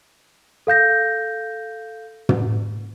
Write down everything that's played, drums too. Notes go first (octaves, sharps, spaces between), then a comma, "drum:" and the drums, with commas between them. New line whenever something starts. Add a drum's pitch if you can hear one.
A4 F5 G6 A#6
drum: tom